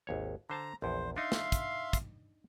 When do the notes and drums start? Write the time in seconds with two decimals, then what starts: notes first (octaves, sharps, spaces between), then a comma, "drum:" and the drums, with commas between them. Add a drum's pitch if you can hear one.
0.07 G#1 D#2 C#5
0.50 D3 C5 A5 A#5
0.82 A#1 E2 C5
1.16 D4 D#4 E5 F5 C6
1.32 drum: snare
1.52 drum: kick, hi-hat
1.93 drum: kick, hi-hat